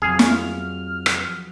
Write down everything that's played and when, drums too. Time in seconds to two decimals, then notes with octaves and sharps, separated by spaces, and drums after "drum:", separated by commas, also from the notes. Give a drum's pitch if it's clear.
0.02 F2 F3 F#3 G#4 F6
0.19 drum: snare
1.06 drum: rim click